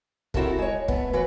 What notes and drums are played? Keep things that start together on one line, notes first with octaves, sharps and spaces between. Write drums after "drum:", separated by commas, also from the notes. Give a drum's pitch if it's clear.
C4 E4 F#4 G4 A4 A#4, drum: kick
G#3 C#5
A3 B3, drum: kick
E3 F#4 B4